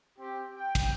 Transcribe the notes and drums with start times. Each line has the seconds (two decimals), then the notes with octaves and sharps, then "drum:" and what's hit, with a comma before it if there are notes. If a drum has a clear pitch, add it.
0.17 C4 G4
0.53 G5
0.75 drum: kick, cymbal